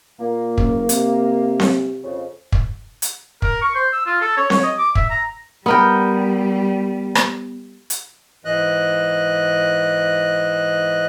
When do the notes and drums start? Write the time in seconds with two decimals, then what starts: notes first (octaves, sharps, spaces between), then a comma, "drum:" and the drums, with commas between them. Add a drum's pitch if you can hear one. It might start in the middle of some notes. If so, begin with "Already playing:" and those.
0.19 A#2 A#3
0.58 F#1, drum: kick
0.89 C3, drum: hi-hat
1.60 drum: snare C4
2.04 F2 C#3
2.52 drum: kick
3.02 drum: hi-hat
3.42 A#4, drum: kick
3.62 C#6
3.75 C5
3.92 E6
4.06 F4
4.21 A4
4.37 C#5
4.50 C#5, drum: snare C4
4.63 D#5
4.78 D6
4.95 E5, drum: kick
5.10 A#5
5.66 G3 B3 A#4 G5
7.15 drum: rim click
7.90 drum: hi-hat
8.45 G#2 E3 D#5 F#6